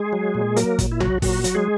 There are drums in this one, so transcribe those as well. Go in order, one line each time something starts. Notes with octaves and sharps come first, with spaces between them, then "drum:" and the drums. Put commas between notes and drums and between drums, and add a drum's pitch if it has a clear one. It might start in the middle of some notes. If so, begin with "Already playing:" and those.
Already playing: G#3 G#4
F#3
A#2
F#3 A#3 A#4, drum: hi-hat
A#2, drum: kick, hi-hat
E4
F#3 F#4, drum: tom B1
A#2 F#3 F#4, drum: kick, open hi-hat
F#3, drum: hi-hat
G#3 G#4